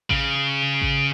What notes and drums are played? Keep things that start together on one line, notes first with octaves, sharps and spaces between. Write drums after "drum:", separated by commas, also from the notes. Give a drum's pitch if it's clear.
C#3, drum: kick A1
drum: kick A1